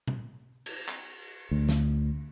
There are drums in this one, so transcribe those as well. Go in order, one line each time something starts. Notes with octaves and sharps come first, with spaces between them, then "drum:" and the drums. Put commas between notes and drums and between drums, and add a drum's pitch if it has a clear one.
drum: tom B2
drum: cymbal
drum: clap
D2
drum: snare